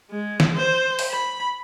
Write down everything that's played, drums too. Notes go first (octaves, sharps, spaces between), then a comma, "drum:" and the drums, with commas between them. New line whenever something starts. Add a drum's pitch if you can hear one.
G#3
drum: snare
C5
drum: open hi-hat
B5